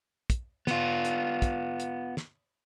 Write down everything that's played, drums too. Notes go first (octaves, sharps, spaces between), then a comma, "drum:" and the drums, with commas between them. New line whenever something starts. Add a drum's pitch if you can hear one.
drum: kick, hi-hat
B3 F4, drum: snare
drum: hi-hat
drum: kick, hi-hat
drum: hi-hat
drum: snare